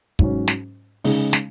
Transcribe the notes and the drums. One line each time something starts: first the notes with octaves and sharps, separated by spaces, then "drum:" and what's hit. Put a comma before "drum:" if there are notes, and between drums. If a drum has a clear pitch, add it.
G#2 F#3 C#4, drum: kick
drum: snare
C#3 G#3 D#4, drum: open hi-hat
drum: snare